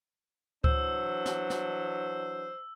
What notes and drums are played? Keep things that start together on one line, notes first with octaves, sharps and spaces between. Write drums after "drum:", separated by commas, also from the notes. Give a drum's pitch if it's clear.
E3 F#3 D4 C5 E6, drum: kick C#2
drum: snare
drum: snare